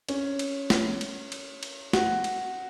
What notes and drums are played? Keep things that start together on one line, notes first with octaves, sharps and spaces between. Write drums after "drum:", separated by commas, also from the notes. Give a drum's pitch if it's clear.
C#4, drum: cymbal
drum: cymbal
drum: snare
drum: cymbal
drum: cymbal
drum: cymbal
F#4, drum: snare
drum: cymbal